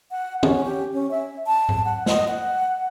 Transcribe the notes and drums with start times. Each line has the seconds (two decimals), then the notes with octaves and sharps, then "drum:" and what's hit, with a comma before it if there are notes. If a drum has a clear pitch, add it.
0.11 F#5
0.43 C#4, drum: tom
0.65 G4
0.93 C#4
1.11 E5
1.47 A5
1.69 drum: tom G#2
1.85 F#5
2.06 D#5, drum: snare
2.28 F#5